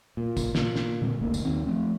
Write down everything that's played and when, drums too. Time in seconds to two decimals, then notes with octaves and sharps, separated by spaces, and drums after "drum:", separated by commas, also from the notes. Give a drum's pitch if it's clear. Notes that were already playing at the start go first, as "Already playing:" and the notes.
0.17 A#2
0.37 drum: kick, tambourine
0.55 A#2, drum: snare
0.76 drum: snare
1.01 A#2 D3 G#3 C4
1.21 F#1 D2 A#3
1.34 drum: tambourine
1.45 D#2 D#3 C4
1.66 F3 A3 C4